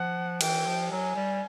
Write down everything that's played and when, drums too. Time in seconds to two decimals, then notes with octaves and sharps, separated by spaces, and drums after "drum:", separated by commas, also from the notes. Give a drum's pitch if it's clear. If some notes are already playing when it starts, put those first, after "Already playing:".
Already playing: F3 F#5
0.41 E3 G5, drum: cymbal
0.66 F3
0.91 F#3 G#5
1.16 G3